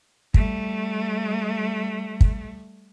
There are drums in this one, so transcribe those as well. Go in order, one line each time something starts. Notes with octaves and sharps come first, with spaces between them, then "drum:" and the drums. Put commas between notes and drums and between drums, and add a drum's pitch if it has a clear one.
G3 A3, drum: kick
drum: kick